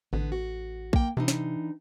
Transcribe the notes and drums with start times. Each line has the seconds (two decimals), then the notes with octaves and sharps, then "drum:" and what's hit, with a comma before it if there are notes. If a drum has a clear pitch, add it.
0.13 A1 D3 B3
0.32 F#4
0.93 A#3 G5, drum: kick A#1
1.17 C3 E3 D4 D#4
1.28 drum: snare